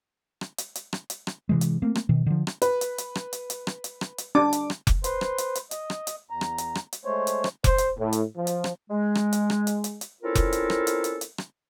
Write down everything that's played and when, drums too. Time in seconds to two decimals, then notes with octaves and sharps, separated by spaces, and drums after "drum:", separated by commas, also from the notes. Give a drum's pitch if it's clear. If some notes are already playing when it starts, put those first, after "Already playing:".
0.41 drum: rim click
0.58 drum: hi-hat
0.75 drum: hi-hat
0.93 drum: rim click
1.10 drum: hi-hat
1.27 drum: rim click
1.49 C3 E3 G#3
1.61 drum: hi-hat
1.82 A3 A#3 C4
1.95 drum: rim click
2.09 B2 D#3
2.26 D3 F3
2.47 drum: rim click
2.62 B4, drum: hi-hat
2.81 drum: hi-hat
2.98 drum: hi-hat
3.15 drum: rim click
3.33 drum: hi-hat
3.50 drum: hi-hat
3.67 drum: rim click
3.84 drum: hi-hat
4.01 drum: rim click
4.18 drum: hi-hat
4.35 D4 D6
4.53 drum: hi-hat
4.70 drum: rim click
4.87 drum: kick F1, hi-hat
5.04 B4 C5 C6, drum: hi-hat
5.21 drum: rim click
5.38 drum: hi-hat
5.55 drum: hi-hat
5.71 D#5, drum: hi-hat
5.90 drum: rim click
6.07 drum: hi-hat
6.30 E2 A#5
6.41 drum: rim click
6.58 drum: hi-hat
6.75 drum: rim click
6.93 drum: hi-hat
7.05 G#3 A3 C5 C#5
7.27 drum: hi-hat
7.44 drum: rim click
7.64 C5, drum: kick F1, hi-hat
7.78 drum: hi-hat
7.98 A2
8.13 drum: hi-hat
8.37 F3
8.47 drum: hi-hat
8.64 drum: rim click
8.91 G#3
9.15 drum: rim click
9.33 drum: hi-hat
9.50 drum: rim click
9.67 drum: hi-hat
9.84 drum: hi-hat
10.01 drum: hi-hat
10.23 C4 C#4 E4 F4 A4 A#4
10.35 drum: kick F1, hi-hat
10.53 drum: hi-hat
10.70 drum: rim click
10.87 drum: hi-hat
11.04 drum: hi-hat
11.21 drum: hi-hat
11.38 drum: rim click